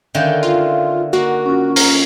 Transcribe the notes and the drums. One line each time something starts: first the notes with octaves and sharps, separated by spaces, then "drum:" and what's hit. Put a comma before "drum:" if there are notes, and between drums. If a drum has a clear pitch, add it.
D3 D#3 C#4 E5 F5 G6
F4
A#3 F#4
C#4 F4
A#4, drum: open hi-hat